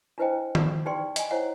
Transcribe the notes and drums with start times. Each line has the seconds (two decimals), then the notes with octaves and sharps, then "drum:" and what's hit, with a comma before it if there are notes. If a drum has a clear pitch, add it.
0.18 D4 E4 B4 C5 D#5 G5
0.55 drum: tom D#3
0.86 D#4 G4 B4 D5 G5 C6
1.16 D#5 G#5, drum: hi-hat
1.31 E4 C5 C#5 D#5 F#5